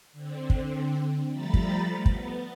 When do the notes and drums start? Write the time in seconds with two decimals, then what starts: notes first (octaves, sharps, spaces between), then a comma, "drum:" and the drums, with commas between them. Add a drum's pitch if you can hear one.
0.13 D3 C4
0.50 drum: kick
1.30 F3 G3 A3 A#5 B5 A6
1.54 drum: kick
2.06 B3, drum: kick